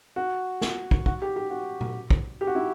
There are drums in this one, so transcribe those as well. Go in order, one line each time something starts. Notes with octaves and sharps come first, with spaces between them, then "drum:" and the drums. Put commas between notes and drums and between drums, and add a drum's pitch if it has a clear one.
F#4
drum: snare
drum: kick
F#4, drum: kick
G4
G4
F#4
drum: tom A#2
drum: kick
G4
F#4
E4